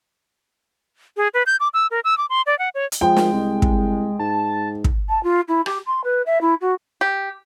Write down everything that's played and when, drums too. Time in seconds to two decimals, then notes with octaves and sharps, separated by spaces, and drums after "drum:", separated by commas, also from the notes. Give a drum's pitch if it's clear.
1.17 G#4
1.34 B4
1.46 G6
1.60 D6
1.74 E6
1.91 A#4
2.04 E6
2.18 D6
2.30 C6
2.46 D5
2.59 F#5
2.75 C#5
2.92 drum: hi-hat
3.01 F3 G#3 G5
3.16 drum: snare
3.33 C2
3.62 drum: kick
4.19 G#2 A5
4.84 drum: kick
5.09 A5
5.23 F4
5.48 E4
5.66 G4, drum: rim click
5.87 C6
6.04 B4
6.26 E5
6.41 E4
6.61 F#4
7.01 G4